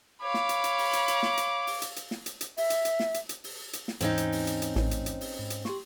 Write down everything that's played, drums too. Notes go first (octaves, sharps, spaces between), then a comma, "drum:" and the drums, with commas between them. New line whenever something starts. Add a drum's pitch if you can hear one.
C#5 F5 B5 D6
drum: snare
drum: hi-hat
drum: hi-hat
drum: open hi-hat
drum: hi-hat
drum: hi-hat
drum: snare
drum: hi-hat
drum: open hi-hat
drum: hi-hat
drum: hi-hat
drum: snare
drum: hi-hat
drum: hi-hat
E5, drum: open hi-hat
drum: hi-hat
drum: hi-hat
drum: snare
drum: hi-hat
drum: hi-hat
drum: open hi-hat
drum: hi-hat
drum: snare
D#2 G#2 E3 C4 C#4 D#4, drum: hi-hat
drum: hi-hat
drum: open hi-hat
drum: hi-hat
drum: hi-hat
A1, drum: snare
drum: hi-hat
drum: hi-hat
drum: open hi-hat
G#2
drum: hi-hat
G4 C6 C#6, drum: snare